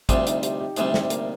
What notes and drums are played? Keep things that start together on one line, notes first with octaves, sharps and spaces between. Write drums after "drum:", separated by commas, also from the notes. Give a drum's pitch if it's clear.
D2 C3 G3 F4, drum: kick, hi-hat
D#4, drum: hi-hat
G4, drum: hi-hat
G4
D2 C3 G3 D#4, drum: hi-hat
C4, drum: snare
A#3, drum: hi-hat